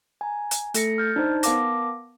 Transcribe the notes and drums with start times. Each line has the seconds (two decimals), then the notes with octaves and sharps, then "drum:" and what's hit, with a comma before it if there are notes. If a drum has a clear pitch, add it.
0.21 G#5 A#5
0.51 drum: hi-hat
0.74 A3 A4 A#6 C#7, drum: hi-hat
0.98 F6 G6 A6
1.16 D4 D#4 C5 A5
1.43 B3 A#4 F5 A5 D6 A#6, drum: hi-hat